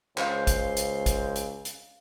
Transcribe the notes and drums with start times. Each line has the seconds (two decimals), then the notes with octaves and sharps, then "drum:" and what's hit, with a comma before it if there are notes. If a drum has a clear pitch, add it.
0.18 C#2 C5 F5 D6, drum: clap
0.47 drum: kick, hi-hat
0.77 drum: hi-hat
1.06 drum: kick, hi-hat
1.36 drum: hi-hat
1.65 drum: hi-hat